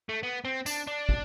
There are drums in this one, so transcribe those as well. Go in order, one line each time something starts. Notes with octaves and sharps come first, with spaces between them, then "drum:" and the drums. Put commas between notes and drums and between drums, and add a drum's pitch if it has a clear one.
A3
B3
C4
D4, drum: tambourine
D4
drum: kick